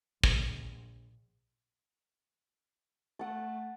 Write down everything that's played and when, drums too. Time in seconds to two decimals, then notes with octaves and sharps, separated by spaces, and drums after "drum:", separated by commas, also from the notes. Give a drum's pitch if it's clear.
0.24 A#1, drum: kick
3.19 A3 F#5 A5